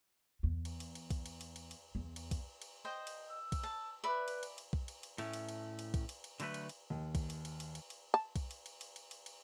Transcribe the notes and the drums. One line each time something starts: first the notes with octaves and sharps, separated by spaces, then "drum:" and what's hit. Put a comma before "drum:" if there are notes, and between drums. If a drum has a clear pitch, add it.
E2
drum: cymbal
drum: cymbal
drum: cymbal
drum: kick B1, cymbal
drum: cymbal
drum: cymbal
drum: cymbal
drum: cymbal
E2
drum: cymbal
drum: kick B1, cymbal
drum: cymbal
C5 D#5 G5
drum: cymbal
E6
drum: kick B1, cymbal
A5
B4 D5 E5 B5
drum: cymbal
drum: cymbal
drum: cymbal
drum: kick B1
drum: cymbal
drum: cymbal
A2 A3 C#4, drum: cymbal
drum: cymbal
drum: cymbal
drum: cymbal
drum: kick B1, cymbal
drum: cymbal
drum: cymbal
D3 F#3 A3 F#4 B4, drum: cymbal
drum: cymbal
drum: cymbal
D#2
drum: kick B1, cymbal
drum: cymbal
drum: cymbal
drum: cymbal
drum: cymbal
drum: cymbal
A5
drum: kick B1, cymbal
drum: cymbal
drum: cymbal
drum: cymbal
drum: cymbal
drum: cymbal
drum: cymbal